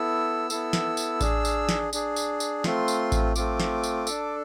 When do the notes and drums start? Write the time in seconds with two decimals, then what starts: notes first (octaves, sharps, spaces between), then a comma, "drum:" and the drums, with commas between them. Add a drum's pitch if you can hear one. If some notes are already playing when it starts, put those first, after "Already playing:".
Already playing: B3 E4 A4 E6
0.50 B3 E4 A4, drum: tambourine
0.73 drum: snare
0.97 drum: tambourine
1.21 D4 G#4, drum: kick A1, tambourine
1.45 drum: tambourine
1.69 drum: snare
1.93 D4 G#4, drum: tambourine
2.16 drum: tambourine
2.40 drum: tambourine
2.64 A3 C4 F4 C6, drum: snare
2.88 drum: tambourine
3.12 drum: kick A1, tambourine
3.36 A3 C4 F4 D6, drum: tambourine
3.60 drum: snare
3.83 drum: tambourine
4.07 D4 A4, drum: tambourine